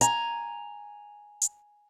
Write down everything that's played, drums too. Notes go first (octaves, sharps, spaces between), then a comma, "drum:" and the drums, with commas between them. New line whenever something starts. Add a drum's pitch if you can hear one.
G#5 A#5, drum: hi-hat
drum: hi-hat